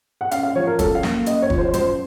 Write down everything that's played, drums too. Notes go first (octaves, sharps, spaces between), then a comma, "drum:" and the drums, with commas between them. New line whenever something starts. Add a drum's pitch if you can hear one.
F#5
C#4 F5, drum: hi-hat
F5
F3 C#5
A#4
F#2 A4, drum: kick, hi-hat
F5
A#3, drum: snare
C#4 D#5, drum: hi-hat
C#5
F3, drum: kick
C5
F#2 C5, drum: hi-hat